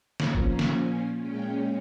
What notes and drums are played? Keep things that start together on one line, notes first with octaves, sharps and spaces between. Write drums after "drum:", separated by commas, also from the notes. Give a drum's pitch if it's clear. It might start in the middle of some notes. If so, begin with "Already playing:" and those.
A#2 F3 A#3 C#4 A#5, drum: snare
drum: kick
drum: snare
G#5
A#2 G#3 C#4 G5